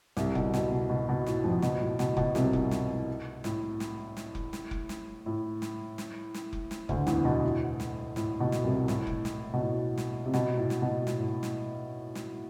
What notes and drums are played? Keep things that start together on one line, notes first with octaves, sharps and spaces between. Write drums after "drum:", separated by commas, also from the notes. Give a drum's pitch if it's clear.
C2 C3, drum: snare
B2, drum: kick F1
B2, drum: snare
B2
B2
B2
A2, drum: snare
F2 F3
B2, drum: snare
A2
B2, drum: snare
B2, drum: kick F1
C2 C3, drum: snare
drum: kick F1
drum: snare
A2, drum: snare
drum: snare
drum: snare
drum: kick F1
drum: snare
drum: kick F1
drum: snare
A2
drum: snare
drum: snare
drum: snare
drum: kick F1
drum: snare
D2 D3, drum: kick F1
E2 E3, drum: snare
B2
A2
drum: snare
A2, drum: snare
B2
drum: snare
C2 C3
A2, drum: snare
drum: kick F1
drum: snare
B2
A2
drum: snare
C3
B2, drum: snare
A2
drum: snare
B2
A2, drum: snare
A2
drum: snare
drum: snare